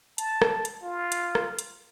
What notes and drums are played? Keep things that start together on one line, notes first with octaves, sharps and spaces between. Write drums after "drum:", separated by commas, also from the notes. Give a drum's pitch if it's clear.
A5, drum: hi-hat
drum: rim click
drum: hi-hat
F4
drum: hi-hat
drum: rim click
drum: hi-hat